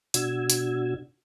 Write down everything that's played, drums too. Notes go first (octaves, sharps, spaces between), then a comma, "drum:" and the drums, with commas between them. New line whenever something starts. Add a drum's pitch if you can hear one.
B2 D4 F#4 E6 G#6, drum: hi-hat
drum: hi-hat